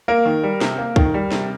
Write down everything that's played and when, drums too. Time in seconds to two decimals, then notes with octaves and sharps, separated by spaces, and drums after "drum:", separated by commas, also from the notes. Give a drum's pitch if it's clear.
0.08 A#3 A#4
0.25 D#3
0.43 G3
0.61 C3, drum: snare
0.78 A#3
0.96 D#3, drum: kick
1.14 G3
1.31 C3, drum: snare